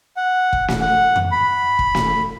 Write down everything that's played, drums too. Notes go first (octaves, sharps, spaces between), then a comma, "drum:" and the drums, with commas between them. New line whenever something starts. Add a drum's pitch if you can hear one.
F#5
drum: kick
drum: snare
F#5
drum: tom F2
B5
drum: kick
drum: snare